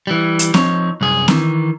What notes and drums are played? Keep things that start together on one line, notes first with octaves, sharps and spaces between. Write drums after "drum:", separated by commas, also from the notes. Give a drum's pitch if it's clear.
E3 G3
drum: hi-hat
F3 C4 D#4 C#5, drum: snare C4
C2 F#2 G#4
D#3 E3, drum: snare C4